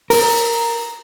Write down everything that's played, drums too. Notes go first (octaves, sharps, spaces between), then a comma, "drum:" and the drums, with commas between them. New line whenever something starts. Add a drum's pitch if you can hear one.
A#4, drum: open hi-hat